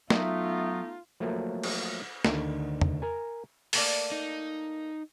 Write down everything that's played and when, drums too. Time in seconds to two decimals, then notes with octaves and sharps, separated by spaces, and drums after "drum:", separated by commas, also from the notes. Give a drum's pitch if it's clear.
0.10 F#3 A3 B3 D#4 F4 E5, drum: snare
1.20 F3 F#3 A3 A#3
1.63 drum: cymbal
2.25 D2 D3 D#3, drum: snare
2.81 drum: tom E2
3.02 A#4 G#5
3.73 A3 A#3 D5, drum: open hi-hat
4.12 D#4